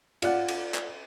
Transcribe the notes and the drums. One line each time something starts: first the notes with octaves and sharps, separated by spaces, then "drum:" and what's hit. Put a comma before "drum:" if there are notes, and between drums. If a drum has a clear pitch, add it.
F4 D5 F#5, drum: cymbal
drum: cymbal
drum: clap